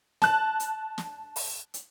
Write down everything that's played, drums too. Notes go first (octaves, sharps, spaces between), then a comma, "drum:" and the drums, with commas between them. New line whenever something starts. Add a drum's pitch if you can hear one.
A5 F#6, drum: snare
drum: hi-hat
drum: snare
drum: open hi-hat
drum: hi-hat